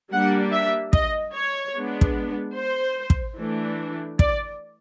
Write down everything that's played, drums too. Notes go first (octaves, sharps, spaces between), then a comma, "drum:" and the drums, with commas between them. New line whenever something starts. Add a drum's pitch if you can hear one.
G3 A#3 D4 F#5
E5
D#5, drum: kick
C#5
G#3 B3 D4
drum: kick
C5
drum: kick
E3 A3 D4
D5, drum: kick